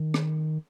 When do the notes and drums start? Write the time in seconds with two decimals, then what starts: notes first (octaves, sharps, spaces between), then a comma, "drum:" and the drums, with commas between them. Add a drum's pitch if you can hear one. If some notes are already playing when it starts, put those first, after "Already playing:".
Already playing: D#3
0.14 drum: rim click